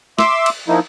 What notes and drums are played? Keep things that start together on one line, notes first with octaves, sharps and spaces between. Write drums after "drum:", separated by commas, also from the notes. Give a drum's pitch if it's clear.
E5 C6 D6 E6, drum: snare
drum: cymbal
F3 A#3 D#4 E4